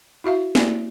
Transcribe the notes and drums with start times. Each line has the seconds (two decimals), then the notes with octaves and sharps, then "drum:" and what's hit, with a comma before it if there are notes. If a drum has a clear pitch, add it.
0.24 E4 F#4 E5 F5
0.55 A#3 C#4 E4 D5, drum: snare